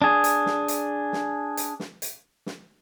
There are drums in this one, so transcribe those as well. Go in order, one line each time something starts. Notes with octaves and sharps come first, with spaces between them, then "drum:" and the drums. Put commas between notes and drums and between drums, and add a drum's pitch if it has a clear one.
D4 G#4
drum: hi-hat
drum: snare
drum: hi-hat
drum: snare
drum: hi-hat
drum: snare
drum: hi-hat
drum: snare